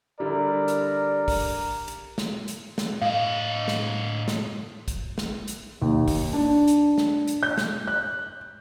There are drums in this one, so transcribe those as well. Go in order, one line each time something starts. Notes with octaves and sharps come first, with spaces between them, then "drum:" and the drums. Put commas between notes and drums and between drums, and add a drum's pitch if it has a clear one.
D3 G3 E4 A#4 D5
drum: hi-hat
drum: kick, open hi-hat
drum: hi-hat
drum: snare
drum: hi-hat
drum: snare
A2 D#5 F5
drum: snare
drum: snare
drum: kick, hi-hat
drum: snare
drum: hi-hat
D#2
drum: kick, open hi-hat
D4
drum: hi-hat
drum: snare
drum: hi-hat
G6
drum: snare
F#6